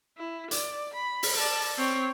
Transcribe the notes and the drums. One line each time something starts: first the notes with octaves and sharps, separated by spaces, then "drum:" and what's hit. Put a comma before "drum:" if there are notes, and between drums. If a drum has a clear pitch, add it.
E4
D5, drum: hi-hat
B5
drum: open hi-hat
D5 A5
C4 C#5